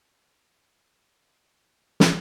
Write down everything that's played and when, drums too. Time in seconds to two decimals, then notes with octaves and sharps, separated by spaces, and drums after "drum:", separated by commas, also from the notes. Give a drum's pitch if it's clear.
0.13 E2 C#3 E3 G#3 D#5
0.51 D#5
0.89 E5
1.64 C#3 E3 A3 C#4 F5
2.00 drum: snare